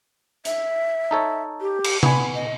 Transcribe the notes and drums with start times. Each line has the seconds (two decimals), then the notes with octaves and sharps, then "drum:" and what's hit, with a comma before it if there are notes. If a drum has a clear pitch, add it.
0.45 E5, drum: hi-hat
1.11 D#4 A4 C#5
1.61 G4
1.84 drum: cymbal
2.03 B3 G#5 B5, drum: tom C3
2.35 D#5